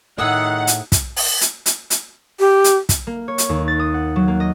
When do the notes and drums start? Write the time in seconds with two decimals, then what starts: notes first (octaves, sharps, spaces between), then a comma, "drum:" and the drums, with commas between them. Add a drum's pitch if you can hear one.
0.18 A2 D#3 A3 G#4 F#5 D#6 E6
0.67 drum: hi-hat
0.92 drum: kick, hi-hat
1.16 drum: open hi-hat
1.41 drum: hi-hat
1.66 drum: hi-hat
1.90 drum: hi-hat
2.40 G4
2.64 drum: hi-hat
2.89 drum: kick, hi-hat
3.07 A#3
3.28 C#5
3.38 drum: hi-hat
3.49 D#2
3.68 A6
3.79 D#6
3.94 F#5
4.16 F#3
4.28 A#3
4.40 D#5